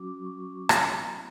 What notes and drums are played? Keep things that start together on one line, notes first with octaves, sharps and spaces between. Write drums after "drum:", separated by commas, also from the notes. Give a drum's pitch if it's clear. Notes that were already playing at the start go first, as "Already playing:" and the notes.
Already playing: F#3 C#4 F#4 D6
C#6
drum: rim click
B3 E4 B5